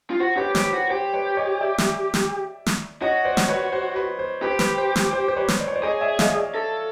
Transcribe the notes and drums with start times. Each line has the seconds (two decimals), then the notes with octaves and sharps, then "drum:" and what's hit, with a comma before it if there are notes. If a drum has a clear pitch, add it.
0.10 F4
0.19 F#4 C5
0.37 G4 B4 C#5
0.55 G4 B4 C#5, drum: snare
0.73 F#4 C5
0.90 G4 C5
1.14 B4 C#5
1.37 C#5 D#5
1.61 D5 E5
1.78 drum: snare
2.14 drum: snare
2.66 drum: snare
3.02 F#4 C#5 D#5
3.25 C5 D5
3.37 drum: snare
3.49 B4 C#5
3.73 C5
3.96 B4
4.19 C5
4.42 G4 B4
4.50 C5
4.59 B4, drum: snare
4.78 C5
4.96 drum: snare
5.13 C5
5.28 C5
5.36 B4 C#5
5.48 drum: snare
5.60 D5
5.68 C#5
5.75 C5 D5
5.83 G#4 C#5 D#5
6.01 D5 E5
6.19 D#5 F5, drum: snare
6.36 D5 E5
6.55 A4